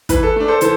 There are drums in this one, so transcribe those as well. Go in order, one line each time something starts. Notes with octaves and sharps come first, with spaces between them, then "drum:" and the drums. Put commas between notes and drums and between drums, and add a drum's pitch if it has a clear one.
E3 B4, drum: kick, hi-hat
A4
A3 D4
A4 C5
E3 A4 C5, drum: hi-hat